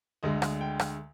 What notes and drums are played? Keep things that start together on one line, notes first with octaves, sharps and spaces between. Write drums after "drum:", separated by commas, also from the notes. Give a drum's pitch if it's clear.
D2 D3 G#3 D#5
drum: rim click
G5
drum: rim click